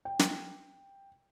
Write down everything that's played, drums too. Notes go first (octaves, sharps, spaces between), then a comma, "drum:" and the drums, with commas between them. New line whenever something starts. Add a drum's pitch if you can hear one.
G5
drum: snare